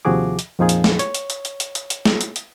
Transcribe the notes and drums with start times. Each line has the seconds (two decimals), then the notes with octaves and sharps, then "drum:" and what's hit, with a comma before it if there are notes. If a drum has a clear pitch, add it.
0.05 D#2 C3 F3 F#4 G#4 D6
0.39 drum: hi-hat
0.59 F2 A#2 F3 D#4 F4 G#4
0.69 drum: hi-hat
0.84 drum: snare
0.99 C#5, drum: hi-hat
1.15 drum: hi-hat
1.30 drum: hi-hat
1.45 drum: hi-hat
1.60 drum: hi-hat
1.75 drum: hi-hat
1.90 drum: hi-hat
2.05 drum: snare
2.21 drum: hi-hat
2.36 drum: hi-hat